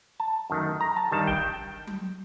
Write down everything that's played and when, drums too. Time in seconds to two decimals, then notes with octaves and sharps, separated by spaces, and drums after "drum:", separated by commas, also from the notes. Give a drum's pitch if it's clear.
0.20 A5
0.50 F#2 D#3 A3
0.81 A#5
0.97 A5
1.11 G2 D#3 G3 A5
1.27 G5, drum: kick
1.87 drum: tom F#3